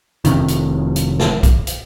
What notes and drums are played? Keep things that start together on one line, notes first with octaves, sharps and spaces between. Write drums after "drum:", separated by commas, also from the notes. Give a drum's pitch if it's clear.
F1 C3 D#3, drum: hi-hat
drum: hi-hat
drum: hi-hat
drum: snare
drum: kick, hi-hat
drum: hi-hat